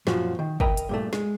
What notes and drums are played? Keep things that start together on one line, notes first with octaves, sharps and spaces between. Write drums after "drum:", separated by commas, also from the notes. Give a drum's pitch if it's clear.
F#2 A#2 F3 F#4, drum: snare
D#3
A#4 D#5 E5 G5 A#5 B5, drum: kick
drum: hi-hat
G2 A#2 A3
G#3, drum: snare